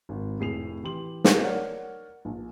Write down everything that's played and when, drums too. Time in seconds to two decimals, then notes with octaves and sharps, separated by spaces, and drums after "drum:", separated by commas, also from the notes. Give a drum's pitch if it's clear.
0.09 G#1
0.38 F1 A2 G#4 C7 F7
0.83 E3 G4 C6 F#7
1.24 drum: snare
1.42 A#4 C#5 D5 F#5
2.25 A#1